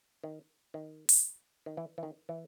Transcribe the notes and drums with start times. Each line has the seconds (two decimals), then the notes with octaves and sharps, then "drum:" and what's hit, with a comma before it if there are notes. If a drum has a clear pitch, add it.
0.24 D#3
0.74 D#3
1.09 drum: open hi-hat
1.66 D#3
1.77 E3
1.98 E3
2.03 D#3
2.29 E3